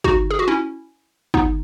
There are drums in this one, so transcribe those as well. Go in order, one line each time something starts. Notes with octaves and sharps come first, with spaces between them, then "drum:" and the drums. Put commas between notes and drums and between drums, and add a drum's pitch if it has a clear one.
D#4 F#4, drum: kick
G#4
F#4
C#4 E4
B3 D#4, drum: kick